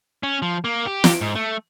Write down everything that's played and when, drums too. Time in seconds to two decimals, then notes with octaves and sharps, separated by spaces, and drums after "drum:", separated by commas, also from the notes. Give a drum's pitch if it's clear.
0.23 C#4
0.42 F3
0.64 A#3
0.86 G4
1.04 drum: snare
1.21 G#2
1.35 A3